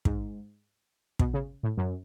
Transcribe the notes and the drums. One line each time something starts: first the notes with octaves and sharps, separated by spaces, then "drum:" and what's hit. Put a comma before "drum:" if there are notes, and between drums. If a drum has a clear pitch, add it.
G#2, drum: kick
B2, drum: kick
C#3
A2
F#2